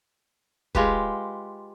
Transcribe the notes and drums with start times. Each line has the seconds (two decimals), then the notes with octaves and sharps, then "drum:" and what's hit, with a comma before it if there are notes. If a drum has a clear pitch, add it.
0.75 G#3 F4 G4 B4, drum: kick